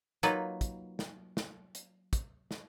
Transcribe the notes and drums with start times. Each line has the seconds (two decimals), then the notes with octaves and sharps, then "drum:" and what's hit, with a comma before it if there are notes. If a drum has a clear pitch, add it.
0.23 F#3 A#3 D#4 F4 B4, drum: hi-hat
0.61 drum: kick, hi-hat
0.99 drum: snare
1.37 drum: snare
1.75 drum: hi-hat
2.13 drum: kick, hi-hat
2.51 drum: snare